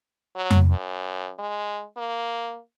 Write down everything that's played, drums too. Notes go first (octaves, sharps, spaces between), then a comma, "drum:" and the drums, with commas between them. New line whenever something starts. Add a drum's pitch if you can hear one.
F#3
drum: tom F2
F#2
G#3
A#3